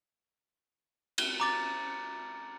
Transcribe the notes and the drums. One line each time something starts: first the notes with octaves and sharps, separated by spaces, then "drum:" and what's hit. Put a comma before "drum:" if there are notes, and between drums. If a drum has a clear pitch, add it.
drum: cymbal
A#5 D6 A6